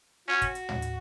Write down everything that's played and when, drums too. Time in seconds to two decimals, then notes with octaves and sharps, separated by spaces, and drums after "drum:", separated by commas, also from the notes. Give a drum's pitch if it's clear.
0.28 C#4 F#4
0.42 drum: kick, hi-hat
0.55 drum: hi-hat
0.69 drum: tom
0.82 drum: hi-hat